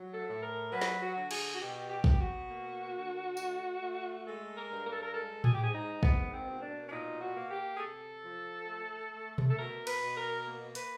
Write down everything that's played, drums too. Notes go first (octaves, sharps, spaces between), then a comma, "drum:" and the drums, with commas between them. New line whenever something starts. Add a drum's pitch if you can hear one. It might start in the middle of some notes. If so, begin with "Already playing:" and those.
Already playing: F#3
A4
A2
A#4
F#3 B4
drum: snare
F#4
D3
G#4, drum: cymbal
F#4
B2 G4
G4
B2, drum: kick
F#4
A#3
D3
A3, drum: tambourine
A3
G#3 A4
A#4
G2
A#4
A4
A#4
G#3 A4
G#4, drum: tom A2
G4
G#2 G#4
D#4
A#3 B3, drum: kick
C4
B2
D4
D4
A#2 D#4
F#4
A#3
G4
G#4
C3 A4
F3
A3
A3
drum: tom B2
A4
B2 A#4
B4, drum: cymbal
B2
A#4
A#3
B4, drum: hi-hat